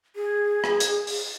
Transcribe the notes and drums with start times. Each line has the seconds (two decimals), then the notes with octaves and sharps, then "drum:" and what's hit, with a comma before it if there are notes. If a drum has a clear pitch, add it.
0.16 G#4
0.64 drum: rim click
0.80 drum: hi-hat
1.07 drum: open hi-hat